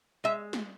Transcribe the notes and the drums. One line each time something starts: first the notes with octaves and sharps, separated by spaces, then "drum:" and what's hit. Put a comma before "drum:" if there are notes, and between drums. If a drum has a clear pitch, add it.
G#3 E5
drum: snare